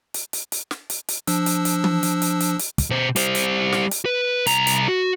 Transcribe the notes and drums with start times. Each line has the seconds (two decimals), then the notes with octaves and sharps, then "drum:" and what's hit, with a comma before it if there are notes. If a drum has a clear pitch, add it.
0.14 drum: hi-hat
0.33 drum: hi-hat
0.52 drum: hi-hat
0.71 drum: snare
0.90 drum: hi-hat
1.08 drum: hi-hat
1.27 F3 D4 E6, drum: hi-hat
1.46 drum: hi-hat
1.65 drum: hi-hat
1.84 drum: tom E3
2.03 drum: hi-hat
2.22 drum: hi-hat
2.40 drum: hi-hat
2.59 drum: hi-hat
2.78 drum: kick, hi-hat
2.90 B2 C5
3.16 G3 C5, drum: hi-hat
3.35 drum: hi-hat
3.72 drum: snare
3.91 drum: hi-hat
4.05 B4
4.46 C2 A#5, drum: hi-hat
4.67 drum: hi-hat
4.88 F#4